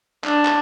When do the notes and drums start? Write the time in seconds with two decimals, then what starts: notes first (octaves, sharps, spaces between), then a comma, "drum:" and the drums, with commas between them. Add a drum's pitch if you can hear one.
0.24 D4, drum: clap
0.45 drum: clap